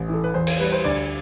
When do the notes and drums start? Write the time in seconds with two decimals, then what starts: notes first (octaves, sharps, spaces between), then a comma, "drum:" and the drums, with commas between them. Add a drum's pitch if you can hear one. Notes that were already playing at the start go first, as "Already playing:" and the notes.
Already playing: A1
0.08 E3
0.14 A4
0.24 B4
0.34 E2 C5
0.47 drum: cymbal
0.60 G3 B4
0.72 C5
0.84 D2 D5